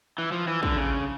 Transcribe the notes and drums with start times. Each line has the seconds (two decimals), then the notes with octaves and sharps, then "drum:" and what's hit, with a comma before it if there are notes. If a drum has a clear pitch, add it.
0.18 E3
0.32 F3
0.48 E3
0.63 D3, drum: kick
0.77 C#3